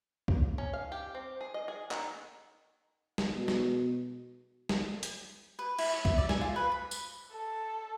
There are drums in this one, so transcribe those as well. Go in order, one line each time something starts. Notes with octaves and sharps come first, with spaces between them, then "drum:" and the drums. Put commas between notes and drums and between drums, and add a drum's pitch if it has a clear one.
drum: kick C2
C#4
F5
G4
C4
G#4
D#5
G#4
D#3, drum: clap
drum: snare
B2
drum: snare
drum: snare
drum: hi-hat
B4
E4, drum: cymbal
C#5
E5, drum: kick C2
D5
G#5, drum: snare
F4
B4
B5
drum: tambourine
A4